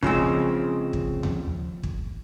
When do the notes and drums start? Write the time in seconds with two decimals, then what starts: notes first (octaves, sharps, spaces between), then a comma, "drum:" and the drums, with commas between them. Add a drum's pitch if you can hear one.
0.03 C#3 F3 G#3 C4, drum: kick
0.93 drum: kick
1.23 drum: tom D#2
1.83 drum: kick